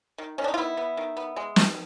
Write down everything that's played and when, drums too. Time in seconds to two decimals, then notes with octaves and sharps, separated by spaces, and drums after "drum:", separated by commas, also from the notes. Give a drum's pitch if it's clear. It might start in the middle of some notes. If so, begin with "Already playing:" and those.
0.18 D#3
0.38 D#3 C#4
0.44 D4
0.48 D#4
0.54 F4
0.58 B3 E4
0.77 B3
0.97 D#3
1.17 B3
1.36 G#3
1.56 D#3, drum: snare